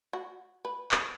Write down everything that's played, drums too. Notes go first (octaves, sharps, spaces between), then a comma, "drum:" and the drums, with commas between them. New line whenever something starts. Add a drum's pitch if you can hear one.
F#4
B4
drum: clap